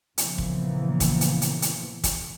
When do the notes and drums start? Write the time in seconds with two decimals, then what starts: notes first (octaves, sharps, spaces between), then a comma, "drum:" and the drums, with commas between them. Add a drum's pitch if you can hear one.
0.18 A#2 C#3 E3 F3 A#3 B3, drum: hi-hat
0.38 drum: kick
1.00 drum: kick, hi-hat
1.21 drum: hi-hat
1.42 drum: hi-hat
1.62 drum: hi-hat
2.04 drum: kick, hi-hat